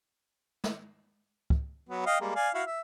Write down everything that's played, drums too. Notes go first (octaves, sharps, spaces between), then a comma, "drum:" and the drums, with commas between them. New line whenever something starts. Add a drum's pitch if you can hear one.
drum: snare
drum: kick
F#3 B3
D#5 F5 G5
G3 G#3 A#3
D5 F5 G#5
E4 F#4 F5
E5